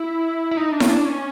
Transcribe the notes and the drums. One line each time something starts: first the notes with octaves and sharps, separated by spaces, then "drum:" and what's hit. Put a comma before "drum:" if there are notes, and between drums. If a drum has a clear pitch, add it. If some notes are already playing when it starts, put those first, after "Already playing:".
Already playing: E4
E4
D#4
D4
C#4, drum: snare E4
D4
C#4